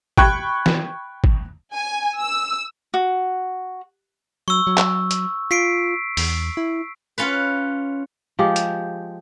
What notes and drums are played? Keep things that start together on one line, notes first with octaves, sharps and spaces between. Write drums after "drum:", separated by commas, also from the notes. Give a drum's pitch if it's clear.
G5 B5 C#6 F#6 G#6, drum: kick
drum: snare
drum: kick
G#5
E6
F#4
F#3 C#6 E6
F#3
drum: clap
drum: hi-hat
F4 B6 C7 D7
E2, drum: open hi-hat
E4
C#4 F4 B4
F3 G#3 G4
drum: hi-hat